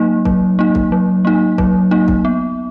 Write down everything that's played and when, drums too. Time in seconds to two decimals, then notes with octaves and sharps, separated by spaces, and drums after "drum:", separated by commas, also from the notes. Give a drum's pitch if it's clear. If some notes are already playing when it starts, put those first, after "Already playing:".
Already playing: F#3 A#3 D#4
0.25 F#3, drum: kick C2
0.59 A#3 D#4
0.75 drum: kick C2
0.92 F#3
1.25 A#3 D#4
1.58 F#3, drum: kick C2
1.91 A#3 D#4
2.08 drum: kick C2
2.25 B3